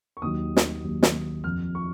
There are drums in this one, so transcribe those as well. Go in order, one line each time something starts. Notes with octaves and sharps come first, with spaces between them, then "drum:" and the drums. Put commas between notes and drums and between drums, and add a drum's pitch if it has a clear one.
C#6
D#2 D#3 F#3 D#6
drum: snare
D#2 D#3 F#3
drum: snare
F2 F3 F6
C#6